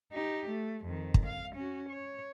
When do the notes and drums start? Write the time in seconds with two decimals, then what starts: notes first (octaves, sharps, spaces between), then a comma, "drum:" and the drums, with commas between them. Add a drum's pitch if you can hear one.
0.12 D#4 G4
0.49 A3
0.85 F2 D#3
1.14 drum: kick
1.26 F5
1.55 C#4 F#4
1.89 C#5